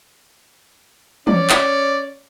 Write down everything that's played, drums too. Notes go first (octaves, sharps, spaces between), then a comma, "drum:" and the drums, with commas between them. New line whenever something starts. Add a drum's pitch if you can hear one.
C#4 D5, drum: tom E3
drum: clap